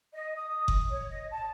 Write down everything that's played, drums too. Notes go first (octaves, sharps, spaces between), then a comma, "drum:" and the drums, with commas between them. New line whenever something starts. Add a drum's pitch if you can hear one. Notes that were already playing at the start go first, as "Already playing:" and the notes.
D#5
D#6
drum: kick F#1
C#5
D#5
A5